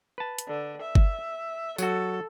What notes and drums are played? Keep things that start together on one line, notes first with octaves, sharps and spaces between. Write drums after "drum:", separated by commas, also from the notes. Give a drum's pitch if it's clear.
B4 A5
drum: hi-hat
D3
E5
drum: kick G1
F#3 F#4 A4, drum: tambourine